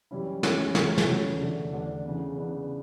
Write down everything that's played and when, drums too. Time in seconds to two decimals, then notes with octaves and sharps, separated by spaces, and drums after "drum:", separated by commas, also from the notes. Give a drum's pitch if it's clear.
0.11 F#2 E3 G3 C#4 E4
0.43 F#2 E3 G3 C#4 E4, drum: snare
0.75 E2 C#3 F#3 A3 C#4, drum: snare
0.98 drum: snare
1.07 E2 C#3 F#3 A3 C#4
1.40 E2 D3 A3 D4
1.72 E2 D3 A3 D4
2.05 C#3 E3 B3 D4
2.36 C#3 E3 B3 D4